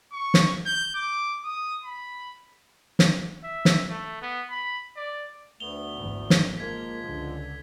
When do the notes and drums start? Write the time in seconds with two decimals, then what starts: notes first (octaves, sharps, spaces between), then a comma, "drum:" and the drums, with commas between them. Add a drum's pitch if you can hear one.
0.12 C#6
0.34 drum: snare
0.66 G6
0.95 D6
1.44 D#6
1.84 B5
2.99 drum: snare
3.44 E5
3.65 drum: snare
3.90 A3
4.22 B3
4.50 B5
4.96 D5
5.60 D2 A3 B3 F7 G7
5.98 G#1 E2
6.30 drum: snare
6.58 F3 G#3 A#3 G#6 B6
7.04 C#2 D3